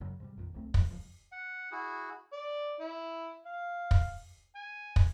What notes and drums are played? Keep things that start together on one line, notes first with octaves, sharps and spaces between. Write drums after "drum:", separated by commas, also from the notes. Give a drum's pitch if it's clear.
F#1 F#2 C#3 F#3
G#2 C3 F#3 G3
A#1 F2 A#2 D#3
D1 C2 A3 C4
G2 F3, drum: kick
D#1 C#2 F3
F#5
E4 F#4 G#4
D5
E4
F5
drum: kick
G#5
drum: kick